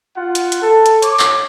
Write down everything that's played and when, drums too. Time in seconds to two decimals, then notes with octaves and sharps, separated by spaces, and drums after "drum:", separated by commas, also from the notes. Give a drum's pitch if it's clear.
0.17 F4 F#5
0.35 drum: hi-hat
0.52 drum: hi-hat
0.62 A4
0.86 drum: hi-hat
1.02 C#5 D6, drum: hi-hat
1.19 drum: clap